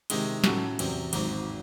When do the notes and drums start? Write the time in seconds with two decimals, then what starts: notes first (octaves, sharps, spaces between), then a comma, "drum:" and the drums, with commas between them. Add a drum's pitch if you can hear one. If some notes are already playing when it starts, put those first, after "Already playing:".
0.10 C3 D#3 G#3, drum: cymbal
0.44 A2 F#3 C#4 F#4 A4, drum: snare
0.79 E2 C3 F#3 C4, drum: cymbal
1.13 G#1 G#2 F#3 C4, drum: cymbal